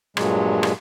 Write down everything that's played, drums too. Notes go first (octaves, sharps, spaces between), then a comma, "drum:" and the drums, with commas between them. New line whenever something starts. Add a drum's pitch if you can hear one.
G2 A#2 F#3 G#3, drum: rim click
drum: rim click